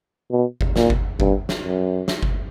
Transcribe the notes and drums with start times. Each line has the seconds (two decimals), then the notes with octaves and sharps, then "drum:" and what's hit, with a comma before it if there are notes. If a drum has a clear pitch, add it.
0.31 B2
0.61 drum: kick G1
0.76 A#2, drum: snare
0.90 drum: kick G1
1.20 G2, drum: kick G1
1.49 drum: snare
1.64 F#2
2.08 drum: snare
2.23 drum: kick G1